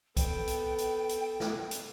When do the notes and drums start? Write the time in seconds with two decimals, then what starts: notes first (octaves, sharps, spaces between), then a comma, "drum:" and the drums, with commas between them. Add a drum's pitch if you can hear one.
0.17 B3 A4 G5, drum: kick, hi-hat
0.47 drum: hi-hat
0.78 drum: hi-hat
1.09 drum: hi-hat
1.40 drum: snare
1.71 drum: hi-hat